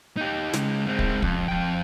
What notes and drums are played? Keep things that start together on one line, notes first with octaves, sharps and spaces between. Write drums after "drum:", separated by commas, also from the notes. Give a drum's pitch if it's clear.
D#4 G4
C#3 G#3, drum: snare
G#3 C4
drum: kick
F2, drum: kick
F2 G5